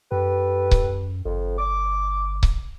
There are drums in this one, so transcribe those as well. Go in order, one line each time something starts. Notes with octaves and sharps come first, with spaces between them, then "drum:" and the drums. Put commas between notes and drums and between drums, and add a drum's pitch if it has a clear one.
F#2 G4 A4 B4
drum: kick C#1
G1 F2
D6
drum: kick C#1